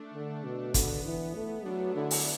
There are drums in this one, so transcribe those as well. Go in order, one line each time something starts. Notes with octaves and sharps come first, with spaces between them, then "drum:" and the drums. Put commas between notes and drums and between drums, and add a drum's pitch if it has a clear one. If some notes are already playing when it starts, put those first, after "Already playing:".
Already playing: A3 D4
D3
B2
D3 B3, drum: kick, hi-hat
E3
A3
F#3 A3 D4
D3 B3 E4
drum: open hi-hat